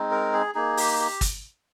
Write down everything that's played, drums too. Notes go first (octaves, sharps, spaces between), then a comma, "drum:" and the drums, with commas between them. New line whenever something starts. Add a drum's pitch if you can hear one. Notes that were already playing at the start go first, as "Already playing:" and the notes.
Already playing: G#3 C4 D#4
A#4
G#4
A#3 D#4 G#4
G4, drum: open hi-hat
G4
drum: kick, hi-hat